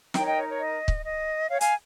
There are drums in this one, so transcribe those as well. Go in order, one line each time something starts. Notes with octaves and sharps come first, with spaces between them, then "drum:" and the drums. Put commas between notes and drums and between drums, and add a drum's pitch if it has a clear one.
D#4 A#4 C#5 D#5 G5, drum: snare
D#5 G5
C#5
C#5
D#5
drum: kick
D#5
C#5 F5
F5 G#5, drum: hi-hat